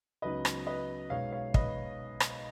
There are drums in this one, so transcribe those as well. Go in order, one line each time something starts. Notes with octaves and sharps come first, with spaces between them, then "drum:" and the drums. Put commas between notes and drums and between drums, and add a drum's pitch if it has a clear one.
C#2 C#3 F#3 B3 D#4 B4 D#5
drum: rim click
B4 D#5
B1 B2 G#3 B3 C#5 F5
C#5 F5
B4 D#5, drum: kick
drum: rim click